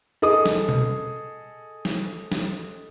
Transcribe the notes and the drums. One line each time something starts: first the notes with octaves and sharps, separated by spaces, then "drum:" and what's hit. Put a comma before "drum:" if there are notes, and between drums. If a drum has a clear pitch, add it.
G#4 A4 D#5 D#6
drum: snare
drum: tom B2
drum: snare
drum: snare